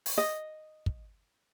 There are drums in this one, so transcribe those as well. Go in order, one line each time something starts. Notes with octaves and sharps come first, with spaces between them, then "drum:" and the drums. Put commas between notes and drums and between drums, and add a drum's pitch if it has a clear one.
drum: open hi-hat
D#5
drum: kick